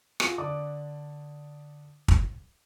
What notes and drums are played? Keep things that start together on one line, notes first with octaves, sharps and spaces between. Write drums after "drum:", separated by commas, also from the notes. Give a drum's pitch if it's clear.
F4 F#4 G#4, drum: rim click
D3 D4 D5 D6 D#6
drum: kick